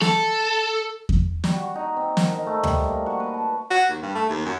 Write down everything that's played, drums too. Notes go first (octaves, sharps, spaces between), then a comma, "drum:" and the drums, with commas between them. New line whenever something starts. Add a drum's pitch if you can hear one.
A4, drum: snare
drum: kick E2
G3, drum: snare
F#4
D#4
C4
A#4, drum: snare
D#4
A3
G3, drum: tom D2
A#3
F#4
B4
A5
F#4
D#2
G2
A3
D#2
F#2